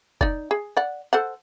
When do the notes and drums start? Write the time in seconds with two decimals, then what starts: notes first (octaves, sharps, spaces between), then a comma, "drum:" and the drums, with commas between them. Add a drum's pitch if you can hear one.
0.21 D#4 D5, drum: kick F1
0.51 G#4
0.77 D5 F#5
1.13 A4 C5 F#5